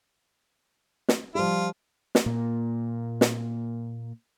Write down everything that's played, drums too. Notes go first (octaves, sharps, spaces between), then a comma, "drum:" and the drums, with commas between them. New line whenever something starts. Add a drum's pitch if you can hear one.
drum: snare
F3 G3 F4
drum: snare
A#2 A#3
drum: snare